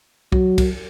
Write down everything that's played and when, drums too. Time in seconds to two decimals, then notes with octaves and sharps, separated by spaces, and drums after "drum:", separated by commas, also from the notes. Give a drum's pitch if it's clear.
0.32 F#3, drum: kick
0.58 drum: kick, cymbal